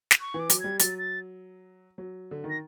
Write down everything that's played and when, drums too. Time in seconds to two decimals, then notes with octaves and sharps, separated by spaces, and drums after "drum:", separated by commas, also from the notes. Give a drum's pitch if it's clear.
0.11 drum: snare
0.21 C#6
0.34 E3
0.39 D6
0.50 F#3, drum: hi-hat
0.60 G3 G#6
0.79 F#3 A6, drum: hi-hat
0.98 A6
1.98 F#3
2.31 D3
2.44 D#3
2.50 A#6